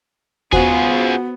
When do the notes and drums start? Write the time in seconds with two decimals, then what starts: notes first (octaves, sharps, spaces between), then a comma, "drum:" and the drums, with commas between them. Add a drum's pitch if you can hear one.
0.53 B3 F4 F#4 G#4 C5 F#5, drum: kick D#2